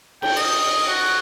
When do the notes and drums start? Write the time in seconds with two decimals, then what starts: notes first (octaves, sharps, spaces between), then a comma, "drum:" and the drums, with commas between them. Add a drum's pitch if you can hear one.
0.22 G5, drum: cymbal
0.36 D#5, drum: cymbal
0.88 F#4